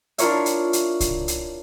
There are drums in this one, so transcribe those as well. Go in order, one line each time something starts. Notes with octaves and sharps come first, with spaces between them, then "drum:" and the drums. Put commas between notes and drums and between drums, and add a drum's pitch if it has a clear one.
D4 E4 F4 A#4 C#5 E5, drum: hi-hat
drum: hi-hat
drum: hi-hat
drum: kick C2, hi-hat
drum: hi-hat